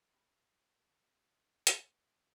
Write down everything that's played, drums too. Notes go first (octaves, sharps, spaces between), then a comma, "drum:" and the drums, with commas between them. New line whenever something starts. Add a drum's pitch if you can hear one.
C#4 G4 A#5 B5
drum: hi-hat